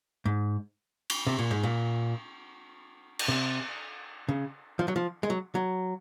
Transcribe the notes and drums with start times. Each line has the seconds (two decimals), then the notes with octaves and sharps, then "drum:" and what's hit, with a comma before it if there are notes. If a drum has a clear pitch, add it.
0.25 G#2
1.10 drum: cymbal
1.27 C3
1.39 A#2
1.51 G#2
1.63 A#2
3.19 drum: cymbal
3.28 C3
4.29 C#3
4.79 F3
4.88 F#3
4.96 F3
5.23 G#3
5.30 F#3
5.55 F#3